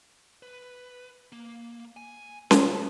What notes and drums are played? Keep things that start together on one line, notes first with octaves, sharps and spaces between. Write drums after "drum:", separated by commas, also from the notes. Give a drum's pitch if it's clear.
B4
A#3
G#5
A4, drum: snare C#4